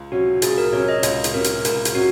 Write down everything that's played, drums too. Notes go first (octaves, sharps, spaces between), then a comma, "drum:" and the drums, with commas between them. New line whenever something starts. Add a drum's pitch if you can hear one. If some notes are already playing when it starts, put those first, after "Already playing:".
Already playing: C#2
C3 F#3 C#4 F#4
C#2 G#4, drum: hi-hat
A#4
C3 F#3 C#4 C#5
D#5
C#2 D#5, drum: hi-hat
drum: hi-hat
C3 F#3 C#4 A#4
drum: hi-hat
C#2 A#4, drum: hi-hat
drum: hi-hat
C3 F#3 C#4 F#4